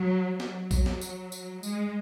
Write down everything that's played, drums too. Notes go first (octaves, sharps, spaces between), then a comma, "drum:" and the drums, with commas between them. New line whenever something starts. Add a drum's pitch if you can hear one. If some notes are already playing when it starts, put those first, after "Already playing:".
Already playing: F#3
F#3, drum: snare
drum: kick, tambourine
drum: snare
drum: tambourine
drum: tambourine
G#3, drum: tambourine